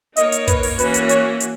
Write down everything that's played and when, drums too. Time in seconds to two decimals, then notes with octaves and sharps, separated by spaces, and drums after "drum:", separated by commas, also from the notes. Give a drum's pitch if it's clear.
0.16 A#3 D#4 A#4 C#5 D#5, drum: hi-hat
0.32 drum: hi-hat
0.47 B4, drum: kick, hi-hat
0.63 drum: open hi-hat
0.79 E3 A#3 C#4 F#4 B4, drum: hi-hat
0.94 drum: hi-hat
1.09 C#5, drum: hi-hat
1.40 drum: hi-hat